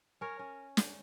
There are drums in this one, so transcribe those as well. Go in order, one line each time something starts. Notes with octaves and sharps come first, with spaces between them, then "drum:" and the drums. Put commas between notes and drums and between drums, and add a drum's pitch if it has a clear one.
C#4 A#4 C#5
C#4
drum: snare